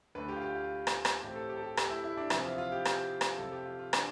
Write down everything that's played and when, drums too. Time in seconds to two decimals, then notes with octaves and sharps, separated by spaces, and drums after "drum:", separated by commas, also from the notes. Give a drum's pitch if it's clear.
0.15 D2 D3 A3 B4
0.28 G4
0.36 F4
0.42 G4
0.55 F4
0.87 drum: rim click
1.05 drum: rim click
1.22 A2 E3 A3 C4 G4
1.36 A4
1.49 G4
1.57 A4
1.63 G4
1.77 G4, drum: rim click
1.90 E4
2.04 E4
2.17 D4
2.30 E2 C3 F3 B3 E4, drum: rim click
2.44 F4
2.58 F4
2.72 G4
2.85 G4, drum: rim click
3.21 drum: rim click
3.38 F2 C3 F3 C4 A4
3.52 G4
3.65 F4
3.79 F4
3.93 D4, drum: rim click